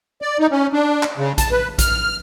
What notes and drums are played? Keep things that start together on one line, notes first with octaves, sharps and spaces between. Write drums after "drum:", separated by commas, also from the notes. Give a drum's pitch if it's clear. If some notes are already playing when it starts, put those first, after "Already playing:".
D5
D#4
C#4
D4
drum: clap
C#3
A5, drum: kick, hi-hat
B4
F6, drum: kick, hi-hat